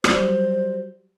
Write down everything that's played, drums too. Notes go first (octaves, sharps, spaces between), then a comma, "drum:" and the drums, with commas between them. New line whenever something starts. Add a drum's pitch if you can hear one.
F#3 G3 C5, drum: rim click